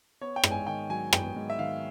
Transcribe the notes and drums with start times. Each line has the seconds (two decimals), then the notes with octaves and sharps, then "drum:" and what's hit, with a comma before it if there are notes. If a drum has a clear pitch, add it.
0.21 B3 C#5
0.36 G5
0.44 G#2, drum: rim click
0.51 G#5
0.67 D#3 G5
0.89 F#3 G#5
1.13 B3 G5, drum: rim click
1.36 G#2
1.50 E5
1.59 D#3 F5